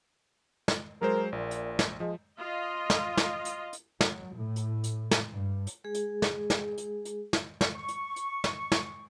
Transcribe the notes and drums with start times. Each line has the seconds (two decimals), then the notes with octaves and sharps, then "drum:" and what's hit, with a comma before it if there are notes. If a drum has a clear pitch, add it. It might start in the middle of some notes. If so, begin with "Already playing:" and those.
0.68 drum: snare
1.01 F#3 G#3 A#4 C5
1.32 A#1 A#2
1.51 drum: hi-hat
1.79 drum: snare
2.00 F3 G#3
2.38 F4 D#5
2.90 drum: snare
3.17 drum: snare
3.45 drum: hi-hat
3.73 drum: hi-hat
4.01 F#3, drum: snare
4.35 A2
4.56 drum: hi-hat
4.84 drum: hi-hat
5.11 drum: snare
5.32 G2
5.67 drum: hi-hat
5.84 G#3 G#4
5.95 drum: hi-hat
6.22 drum: snare
6.50 drum: snare
6.78 drum: hi-hat
7.05 drum: hi-hat
7.33 drum: snare
7.61 drum: snare
7.76 C#6
7.88 drum: hi-hat
8.16 drum: hi-hat
8.44 drum: snare
8.72 drum: snare